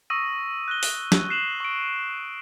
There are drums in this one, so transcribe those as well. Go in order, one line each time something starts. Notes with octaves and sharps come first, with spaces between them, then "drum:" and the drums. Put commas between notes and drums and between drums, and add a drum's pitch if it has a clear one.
C#6 D#6 E6 A#6 D#7
F#6 A#6 G7
drum: open hi-hat
drum: snare
F#6 C7 E7 F#7
C#6 D7